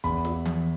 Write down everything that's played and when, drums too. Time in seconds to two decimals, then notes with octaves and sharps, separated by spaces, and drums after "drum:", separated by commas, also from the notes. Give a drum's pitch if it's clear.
0.04 E2 B5, drum: kick, hi-hat
0.25 drum: snare
0.45 drum: tom E3